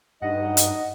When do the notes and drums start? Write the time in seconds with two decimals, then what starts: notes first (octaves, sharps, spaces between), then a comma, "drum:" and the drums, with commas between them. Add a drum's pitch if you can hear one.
0.22 D2 G2 F#3 D#4 D#5 F#5
0.57 drum: hi-hat